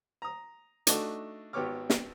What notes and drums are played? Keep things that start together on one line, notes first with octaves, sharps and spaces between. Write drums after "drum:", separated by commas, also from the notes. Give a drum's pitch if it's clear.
A#5 D#6
A3 D4 D#4 F#4 A4, drum: hi-hat
G#1 B3 G4 C#5 D6 F6
drum: snare